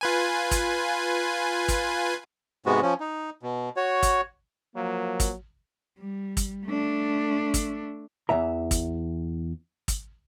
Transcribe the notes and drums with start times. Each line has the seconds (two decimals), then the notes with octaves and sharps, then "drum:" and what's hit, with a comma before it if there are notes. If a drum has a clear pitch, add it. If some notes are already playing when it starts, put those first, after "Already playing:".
0.01 F4 B4 G#5
0.51 drum: kick, hi-hat
1.68 drum: kick, hi-hat
2.66 G#2 C3 G#3 B3 F#4
2.82 F3 C#4
3.00 D#4
3.43 B2
3.76 F#4 C#5
4.03 drum: kick, hi-hat
4.76 F3 F#3 A#3
5.20 drum: kick, hi-hat
5.99 G3
6.37 drum: kick, hi-hat
6.66 A3 D4
7.54 drum: kick, hi-hat
8.29 E2 E3 E5 A#5
8.71 drum: kick, hi-hat
9.88 drum: kick, hi-hat